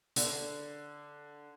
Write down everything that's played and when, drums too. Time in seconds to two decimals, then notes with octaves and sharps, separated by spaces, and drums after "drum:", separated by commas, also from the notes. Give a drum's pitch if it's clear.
0.16 D3, drum: hi-hat